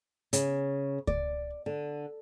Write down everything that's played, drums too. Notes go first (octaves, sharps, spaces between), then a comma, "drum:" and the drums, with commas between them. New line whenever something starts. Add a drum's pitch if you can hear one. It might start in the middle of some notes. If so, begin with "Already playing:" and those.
C#3, drum: hi-hat
D5, drum: kick C#2
D3